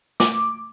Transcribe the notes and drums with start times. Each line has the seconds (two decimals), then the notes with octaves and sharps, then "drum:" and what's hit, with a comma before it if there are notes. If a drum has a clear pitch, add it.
0.20 D6, drum: snare